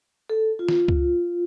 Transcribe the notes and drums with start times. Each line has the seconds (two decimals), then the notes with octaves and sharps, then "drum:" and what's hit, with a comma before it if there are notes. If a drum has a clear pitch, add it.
0.30 A4
0.59 F4
0.69 drum: snare
0.88 drum: kick C#2